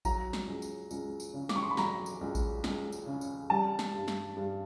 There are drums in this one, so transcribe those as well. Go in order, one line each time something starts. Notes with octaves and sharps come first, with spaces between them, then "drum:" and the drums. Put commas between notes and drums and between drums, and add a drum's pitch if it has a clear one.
F#3 A#5, drum: kick A1, tambourine
drum: snare
C#2
drum: tambourine
C#2, drum: tambourine
drum: tambourine
C#3
D6, drum: snare
C#6
C6
B5
F#3 A#5, drum: snare
drum: tambourine
C#2
drum: kick A1, tambourine
C#2, drum: snare
drum: tambourine
C#3
drum: tambourine
G3 A5
drum: snare
G2
drum: snare
G2